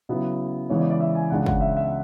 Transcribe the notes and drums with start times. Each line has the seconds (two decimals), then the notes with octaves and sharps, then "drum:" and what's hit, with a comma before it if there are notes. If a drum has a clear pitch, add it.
0.09 C#3 F#3 B3 E4
0.70 E2 C#3 E3 G#3 B3 C#5
0.80 D5
0.90 D5
1.00 E5
1.15 G#5
1.30 C#2 C#3 G#3 D4 F#5
1.46 F#5, drum: kick
1.61 E5
1.77 E5